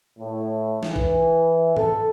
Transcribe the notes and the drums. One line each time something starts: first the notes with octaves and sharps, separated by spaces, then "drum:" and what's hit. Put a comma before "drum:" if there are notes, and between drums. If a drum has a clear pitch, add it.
A2
E3, drum: snare
drum: kick
A4, drum: tom G#2